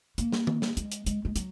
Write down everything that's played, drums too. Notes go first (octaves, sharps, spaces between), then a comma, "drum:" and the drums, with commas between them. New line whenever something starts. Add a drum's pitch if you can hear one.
A#3, drum: hi-hat
drum: snare
drum: tom D#3
drum: snare
G#3, drum: hi-hat
drum: hi-hat
G#3, drum: hi-hat
G#3
F#3, drum: hi-hat